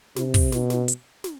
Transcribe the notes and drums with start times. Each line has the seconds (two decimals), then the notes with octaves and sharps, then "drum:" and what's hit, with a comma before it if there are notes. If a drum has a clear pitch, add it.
0.16 C3, drum: snare
0.34 drum: kick, open hi-hat
0.52 B2, drum: snare
0.70 drum: snare
0.88 drum: hi-hat
1.24 drum: snare